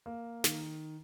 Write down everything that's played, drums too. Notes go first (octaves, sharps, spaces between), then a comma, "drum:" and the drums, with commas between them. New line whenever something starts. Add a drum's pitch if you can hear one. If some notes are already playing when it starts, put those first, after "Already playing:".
A#3
D#3, drum: snare